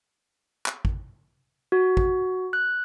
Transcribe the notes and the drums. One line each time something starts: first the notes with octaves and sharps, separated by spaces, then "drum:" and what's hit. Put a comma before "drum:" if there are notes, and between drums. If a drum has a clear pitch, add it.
drum: clap
drum: kick
F#4
drum: kick
F#6